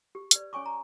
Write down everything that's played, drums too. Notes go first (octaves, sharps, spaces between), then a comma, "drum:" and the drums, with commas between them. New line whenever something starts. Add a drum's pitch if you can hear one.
G4
B4 D5, drum: hi-hat
C#4 C#5 G#5 C#6 D6
A#5